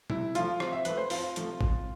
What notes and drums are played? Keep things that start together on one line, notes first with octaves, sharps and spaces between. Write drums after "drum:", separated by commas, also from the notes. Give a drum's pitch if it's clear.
C3 E4, drum: tom B2
F3 A3 F4, drum: hi-hat
C3 C5, drum: rim click
E5
F3 A3 B4, drum: hi-hat
C5
F2 F4, drum: open hi-hat
C3 F3 A3, drum: hi-hat
F2, drum: kick G#1